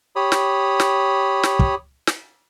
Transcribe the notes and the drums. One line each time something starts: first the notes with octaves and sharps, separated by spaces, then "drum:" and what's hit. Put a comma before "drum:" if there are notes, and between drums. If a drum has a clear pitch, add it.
G4 C#5 B5 D#6
drum: snare
drum: snare
drum: snare
drum: kick
drum: snare